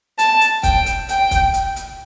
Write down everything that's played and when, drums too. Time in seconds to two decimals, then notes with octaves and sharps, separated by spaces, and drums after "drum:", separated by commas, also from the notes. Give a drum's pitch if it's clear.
0.19 A5, drum: hi-hat
0.41 drum: hi-hat
0.63 G5, drum: kick, hi-hat
0.86 drum: hi-hat
1.09 G5, drum: hi-hat
1.31 drum: kick, hi-hat
1.54 drum: hi-hat
1.76 drum: hi-hat